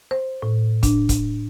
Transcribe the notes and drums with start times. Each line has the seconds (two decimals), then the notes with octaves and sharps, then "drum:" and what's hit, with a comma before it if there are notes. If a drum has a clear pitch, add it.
0.11 C5
0.42 A2
0.83 D4, drum: kick, hi-hat
1.09 drum: kick, hi-hat